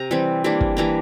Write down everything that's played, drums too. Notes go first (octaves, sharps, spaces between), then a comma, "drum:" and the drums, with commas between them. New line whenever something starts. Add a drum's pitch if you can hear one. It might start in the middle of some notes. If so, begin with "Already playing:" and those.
Already playing: C3 A#5
E3 G3 C4
E3 G3 A#3 D4
drum: kick
E3 G3 A#3 D4 A#5